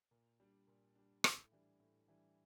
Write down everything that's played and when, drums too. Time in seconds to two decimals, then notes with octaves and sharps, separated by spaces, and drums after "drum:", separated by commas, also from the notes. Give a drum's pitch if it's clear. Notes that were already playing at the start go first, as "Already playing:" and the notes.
0.11 A#2
0.40 G3 D4
0.67 A#2
0.95 G3 D4
1.24 A2, drum: rim click
1.52 E3 G3 D4
1.80 A2
2.08 E3 G3 D4